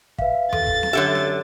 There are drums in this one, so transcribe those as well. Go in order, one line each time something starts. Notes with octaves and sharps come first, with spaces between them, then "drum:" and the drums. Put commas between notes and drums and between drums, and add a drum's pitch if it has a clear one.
B4 E5 F5, drum: kick
A4 A6, drum: tom E2
drum: kick
drum: snare C4
F#2 D3 G4 A4 C#5 E5
drum: snare C4